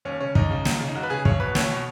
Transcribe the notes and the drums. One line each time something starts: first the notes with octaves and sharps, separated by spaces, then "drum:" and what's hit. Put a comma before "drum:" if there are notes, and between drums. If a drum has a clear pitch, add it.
D#2 C#4
C#3 C#4
D#2 D#4, drum: kick
C#3
D#2, drum: snare
C#3
D#4
D#2 F#4
B4
C#3 G#4
B1 C#5, drum: kick
B2 B4
B1 C#5, drum: snare
B2